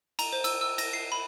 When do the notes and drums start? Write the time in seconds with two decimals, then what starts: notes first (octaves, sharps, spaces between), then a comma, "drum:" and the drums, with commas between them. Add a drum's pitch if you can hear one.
0.19 A#5, drum: cymbal
0.33 C5
0.44 E6, drum: cymbal
0.61 E6
0.78 A#6, drum: cymbal
0.93 C7
1.12 B5